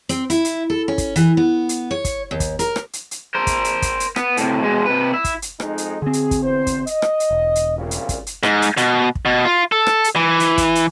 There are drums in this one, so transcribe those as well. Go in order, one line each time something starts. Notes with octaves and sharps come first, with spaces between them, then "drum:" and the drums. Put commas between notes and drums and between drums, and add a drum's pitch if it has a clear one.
C4, drum: hi-hat
E4, drum: hi-hat
drum: hi-hat
A4
C#4
drum: kick, hi-hat
E3, drum: hi-hat
B3
drum: hi-hat
C#5
drum: kick, hi-hat
D#2
drum: kick, hi-hat
A#4, drum: hi-hat
drum: rim click
drum: hi-hat
drum: hi-hat
A#4 C5
drum: kick, hi-hat
drum: hi-hat
drum: kick, hi-hat
drum: hi-hat
B3, drum: rim click
A2 C3, drum: hi-hat
B2 G#3
C3 B4
E4
drum: kick, hi-hat
drum: hi-hat
F2 G#3 D#4, drum: rim click
drum: hi-hat
D3 C4 G#4
drum: hi-hat
drum: kick, hi-hat
E2 C5
drum: kick, hi-hat
D#5, drum: hi-hat
drum: rim click
drum: hi-hat
E1
drum: hi-hat
C2 A#2 C#3
drum: hi-hat
drum: kick, hi-hat
drum: hi-hat
G#2, drum: rim click
drum: hi-hat
B2, drum: hi-hat
drum: kick
B2
F4
A4
drum: rim click
drum: hi-hat
E3
drum: hi-hat
drum: kick, hi-hat
drum: hi-hat